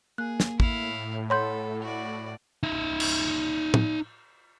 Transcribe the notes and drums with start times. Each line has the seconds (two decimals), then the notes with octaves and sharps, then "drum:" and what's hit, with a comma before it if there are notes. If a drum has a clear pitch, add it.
0.18 A#3 G#4 F#6
0.40 drum: snare
0.60 A2 E4 F5, drum: kick
1.30 A4 C#5 F#5 B5 C6 G6
1.82 F#4 D5
2.63 D#4 E5
3.00 drum: cymbal
3.74 drum: tom